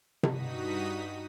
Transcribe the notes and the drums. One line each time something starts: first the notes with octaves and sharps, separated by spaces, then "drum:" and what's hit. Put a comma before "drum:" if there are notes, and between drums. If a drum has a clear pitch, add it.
G2 D#4 F#4 D#6 B6, drum: tom C3